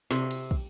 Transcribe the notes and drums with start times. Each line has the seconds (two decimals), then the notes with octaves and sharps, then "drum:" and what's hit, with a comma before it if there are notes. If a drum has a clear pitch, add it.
0.11 C3, drum: snare
0.31 drum: cymbal
0.51 drum: kick